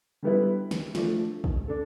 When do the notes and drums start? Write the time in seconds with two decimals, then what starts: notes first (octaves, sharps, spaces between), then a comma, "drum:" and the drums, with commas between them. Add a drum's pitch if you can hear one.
0.23 D3 G3 B3 E4 B4
0.71 drum: snare
0.95 F3 A3 D4, drum: snare
1.44 drum: kick
1.68 D4 A4